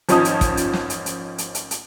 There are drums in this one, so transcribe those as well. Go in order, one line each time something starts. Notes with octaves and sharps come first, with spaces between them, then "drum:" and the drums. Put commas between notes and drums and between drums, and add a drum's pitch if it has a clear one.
G#1 F3 C#4 D#4 A5 D#6, drum: hi-hat
drum: hi-hat
drum: kick, hi-hat
drum: hi-hat
drum: snare
drum: hi-hat
drum: hi-hat
drum: hi-hat
drum: hi-hat
drum: hi-hat